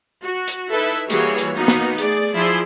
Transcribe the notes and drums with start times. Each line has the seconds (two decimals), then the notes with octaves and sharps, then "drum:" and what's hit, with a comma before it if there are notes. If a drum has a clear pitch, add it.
0.22 F#4
0.48 drum: hi-hat
0.71 D#4 E4 A4 B4 E5
1.10 E3 G3 A#3 F#4 G#4 C#5, drum: hi-hat
1.38 drum: hi-hat
1.55 A#3 B3 D#4 F#4
1.68 drum: snare
1.98 A3 G#4 D5, drum: hi-hat
2.34 F3 E4 G#4 D5 G#5 C6